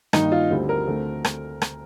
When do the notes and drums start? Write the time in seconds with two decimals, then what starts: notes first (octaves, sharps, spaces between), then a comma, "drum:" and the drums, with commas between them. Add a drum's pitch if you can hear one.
0.13 G2 D#3 A#3 D#4, drum: rim click
0.32 F4
0.50 D2 D3 G3 C4
0.69 A#4
0.87 D2 D3 A3 C4
1.25 drum: rim click
1.62 drum: rim click